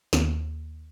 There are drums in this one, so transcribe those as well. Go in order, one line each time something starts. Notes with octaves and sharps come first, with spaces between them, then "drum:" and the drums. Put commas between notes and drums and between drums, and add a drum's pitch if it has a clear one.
D#2, drum: snare